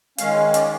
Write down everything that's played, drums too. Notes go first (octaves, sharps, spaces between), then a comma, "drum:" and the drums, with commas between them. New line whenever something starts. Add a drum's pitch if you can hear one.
D#3 G#3 C#4 F5, drum: hi-hat
D5, drum: hi-hat